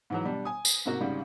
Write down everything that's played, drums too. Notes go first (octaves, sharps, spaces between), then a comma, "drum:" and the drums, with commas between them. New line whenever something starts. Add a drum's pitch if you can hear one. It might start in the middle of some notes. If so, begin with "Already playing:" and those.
G#2 E3 F#3
B2 G3 D4
G#5 D#6
drum: tambourine
G#2 C3 A#3 F#4
G#1 G#2 C#3 G3